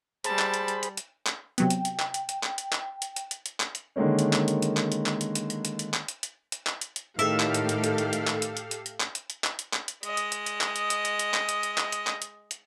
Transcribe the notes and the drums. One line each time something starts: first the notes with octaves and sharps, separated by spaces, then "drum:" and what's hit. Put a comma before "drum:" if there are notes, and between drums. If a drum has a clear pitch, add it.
G3 G#4 C5 A5 B5, drum: hi-hat
drum: clap
drum: hi-hat
drum: hi-hat
drum: hi-hat
drum: hi-hat
drum: clap
C3 F#3 B3 G5, drum: hi-hat
drum: hi-hat
drum: hi-hat
drum: clap
drum: hi-hat
drum: hi-hat
drum: clap
drum: hi-hat
drum: clap
drum: hi-hat
drum: hi-hat
drum: hi-hat
drum: hi-hat
drum: clap
drum: hi-hat
D3 D#3 G#3 A#3 C#4
drum: hi-hat
drum: clap
drum: hi-hat
drum: hi-hat
drum: clap
drum: hi-hat
drum: clap
drum: hi-hat
drum: hi-hat
drum: hi-hat
drum: hi-hat
drum: hi-hat
drum: clap
drum: hi-hat
drum: hi-hat
drum: hi-hat
drum: clap
drum: hi-hat
drum: hi-hat
A2 D#3 G4 A4 E5 F5
drum: clap
drum: hi-hat
drum: hi-hat
drum: hi-hat
drum: hi-hat
drum: hi-hat
drum: clap
drum: hi-hat
drum: hi-hat
drum: hi-hat
drum: hi-hat
drum: clap
drum: hi-hat
drum: hi-hat
drum: clap
drum: hi-hat
drum: clap
drum: hi-hat
G#3 D#5, drum: hi-hat
drum: hi-hat
drum: hi-hat
drum: hi-hat
drum: clap
drum: hi-hat
drum: hi-hat
drum: hi-hat
drum: hi-hat
drum: clap
drum: hi-hat
drum: hi-hat
drum: clap
drum: hi-hat
drum: clap
drum: hi-hat
drum: hi-hat